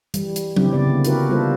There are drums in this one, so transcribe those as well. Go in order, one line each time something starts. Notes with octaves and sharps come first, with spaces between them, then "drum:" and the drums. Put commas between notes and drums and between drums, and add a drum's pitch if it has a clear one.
E3 G3, drum: hi-hat
drum: hi-hat
C#3 C4 E4 G4, drum: tom F#3
C#3 B3 D5
D3 A#3
D4 E4 F#4 G4 A#4 B4, drum: hi-hat
G3 A#3 B3 F4 A4 C5